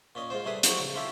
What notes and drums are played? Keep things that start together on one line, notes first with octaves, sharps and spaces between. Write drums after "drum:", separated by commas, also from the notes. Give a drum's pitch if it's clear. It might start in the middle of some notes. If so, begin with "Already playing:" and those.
A#2 C#4 D#5
G#2 G#3 F4 C5
C3 G3 A3 G#4 B4 D#6
F3 F#3 G#3 D#4 C#5, drum: hi-hat
C#3
C#4 E4 F4 G4 A4